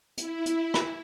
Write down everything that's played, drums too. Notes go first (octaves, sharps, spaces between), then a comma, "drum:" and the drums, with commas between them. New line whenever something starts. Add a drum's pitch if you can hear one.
E4, drum: hi-hat
drum: hi-hat
drum: rim click